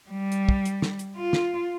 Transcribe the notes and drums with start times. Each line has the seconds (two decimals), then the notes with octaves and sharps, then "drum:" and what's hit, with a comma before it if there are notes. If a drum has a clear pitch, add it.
0.10 G3
0.32 drum: hi-hat
0.49 drum: kick
0.65 drum: hi-hat
0.82 drum: snare
0.99 drum: hi-hat
1.16 F4
1.33 drum: snare